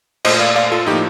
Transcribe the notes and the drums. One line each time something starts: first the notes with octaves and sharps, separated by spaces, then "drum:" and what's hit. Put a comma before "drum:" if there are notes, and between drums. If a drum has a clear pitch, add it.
A#2 A3 C5 D#5, drum: cymbal
D5 F5
D5 F5
F4 A4
A2 F3 A#3 D#4 G4